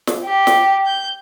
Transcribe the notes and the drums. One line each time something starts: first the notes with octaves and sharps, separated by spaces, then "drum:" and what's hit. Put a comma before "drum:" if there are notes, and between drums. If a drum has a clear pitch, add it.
drum: snare
G4
drum: snare
G6